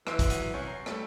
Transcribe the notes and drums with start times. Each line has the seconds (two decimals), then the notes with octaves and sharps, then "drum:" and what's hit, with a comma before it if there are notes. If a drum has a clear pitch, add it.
0.07 E3 C6 D7, drum: rim click
0.19 drum: kick, hi-hat
0.30 F#3 F#5 D#7, drum: hi-hat
0.54 C2 C#4
0.67 A#5 C7
0.86 G3 A3 A4, drum: rim click